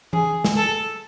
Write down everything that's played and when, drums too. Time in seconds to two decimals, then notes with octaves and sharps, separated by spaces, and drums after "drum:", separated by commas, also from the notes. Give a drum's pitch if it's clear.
0.13 G#4, drum: tom E3
0.44 drum: snare
0.56 A4